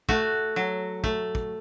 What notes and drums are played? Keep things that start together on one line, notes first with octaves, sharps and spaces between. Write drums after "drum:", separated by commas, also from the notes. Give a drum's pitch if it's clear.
A3 F#4, drum: kick
F#3
A3, drum: kick
drum: kick